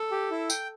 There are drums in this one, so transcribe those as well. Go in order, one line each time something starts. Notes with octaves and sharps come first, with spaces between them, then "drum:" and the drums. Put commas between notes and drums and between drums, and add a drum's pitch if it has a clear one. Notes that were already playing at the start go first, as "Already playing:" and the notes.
Already playing: A4
G4
E4
G5, drum: tambourine